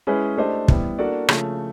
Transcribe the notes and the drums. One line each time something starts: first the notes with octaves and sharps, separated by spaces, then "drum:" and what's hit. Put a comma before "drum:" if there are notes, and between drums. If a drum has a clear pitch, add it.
G#3 C#4 E4 G#4 B4
A3 D4 G4 C5 D#5
G3 B3 E4, drum: kick
A#3 D4 F#4 A4 D5
C#3 F3 A3, drum: rim click